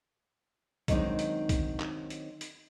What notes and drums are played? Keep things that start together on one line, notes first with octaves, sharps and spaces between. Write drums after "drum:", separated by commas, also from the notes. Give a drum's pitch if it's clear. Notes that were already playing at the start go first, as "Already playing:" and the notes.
D#3 F#3 G#3 C4 D4 D#4, drum: kick B1, hi-hat
drum: hi-hat
drum: kick B1, hi-hat
drum: clap
drum: hi-hat
drum: hi-hat